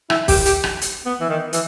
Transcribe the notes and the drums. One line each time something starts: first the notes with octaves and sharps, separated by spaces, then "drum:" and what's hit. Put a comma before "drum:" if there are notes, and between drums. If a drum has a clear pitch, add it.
E4, drum: rim click
G4, drum: kick, open hi-hat
G4, drum: hi-hat
drum: rim click
drum: hi-hat
B3
E3
D#3
E3, drum: hi-hat